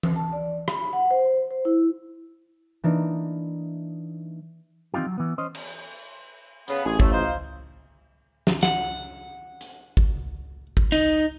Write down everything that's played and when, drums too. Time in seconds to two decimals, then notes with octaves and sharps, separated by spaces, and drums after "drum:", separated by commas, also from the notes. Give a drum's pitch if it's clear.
0.03 drum: tom E3
0.16 A5
0.33 D5
0.68 B5, drum: rim click
0.93 F#5
1.11 C5
1.51 C5
1.65 E4
2.84 E3 A#3 D4 D#4 D5
4.94 E3 C4 D#4 F4 G4
5.06 F#3
5.18 E3 B3
5.38 C#4 C5 D#5
5.55 drum: cymbal
6.68 C#3 B3, drum: hi-hat
6.85 A1 G#4
7.00 A2 A3, drum: kick G#1
7.12 D#4 F4 C5
8.47 drum: snare
8.63 F#5, drum: snare
9.61 drum: hi-hat
9.97 drum: kick G#1
10.77 drum: kick G#1
10.92 D#4